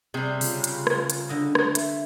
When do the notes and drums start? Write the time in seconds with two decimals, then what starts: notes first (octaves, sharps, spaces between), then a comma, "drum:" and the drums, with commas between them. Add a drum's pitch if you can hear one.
0.14 C3 G3 G#4
0.41 C#3 F4, drum: open hi-hat
0.64 drum: hi-hat
0.87 drum: rim click
1.10 drum: hi-hat
1.29 D3 D#5
1.55 drum: rim click
1.75 E5, drum: hi-hat